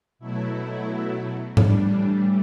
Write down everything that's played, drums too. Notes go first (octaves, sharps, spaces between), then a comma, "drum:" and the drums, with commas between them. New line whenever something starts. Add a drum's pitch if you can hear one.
B2 F#3 A3 E4
A2 E3 G3 D4, drum: tom G#2